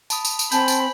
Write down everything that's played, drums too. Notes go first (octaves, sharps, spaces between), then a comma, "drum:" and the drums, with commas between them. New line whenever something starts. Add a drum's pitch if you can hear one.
A5 B5 D#6, drum: tambourine
drum: tambourine
drum: tambourine
C4 C5 G#5 A5 B5 G6, drum: tambourine
drum: tambourine